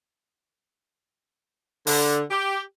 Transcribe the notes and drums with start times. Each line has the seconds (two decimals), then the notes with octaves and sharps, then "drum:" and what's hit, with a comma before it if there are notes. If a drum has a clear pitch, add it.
1.87 D3, drum: open hi-hat
2.31 G4